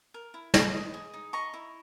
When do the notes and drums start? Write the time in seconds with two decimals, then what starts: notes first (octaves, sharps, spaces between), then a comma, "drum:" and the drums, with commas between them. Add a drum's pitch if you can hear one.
0.14 A#4
0.34 E4
0.54 B4, drum: snare
0.74 D#5
0.94 G#4
1.13 D#4
1.33 D#5 A#5 C#6
1.54 E4